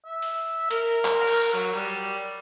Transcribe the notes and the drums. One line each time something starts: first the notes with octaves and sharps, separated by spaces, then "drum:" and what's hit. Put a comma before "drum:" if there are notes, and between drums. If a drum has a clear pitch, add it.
E5
drum: open hi-hat
A#4, drum: hi-hat
drum: clap
drum: cymbal
F#3
G3